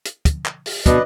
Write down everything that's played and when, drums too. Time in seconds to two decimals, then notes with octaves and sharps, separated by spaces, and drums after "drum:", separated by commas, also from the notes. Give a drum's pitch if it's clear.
0.05 drum: hi-hat
0.25 drum: kick, hi-hat
0.45 drum: clap
0.66 drum: open hi-hat
0.86 B2 D4 B4 D5 D#5, drum: kick, hi-hat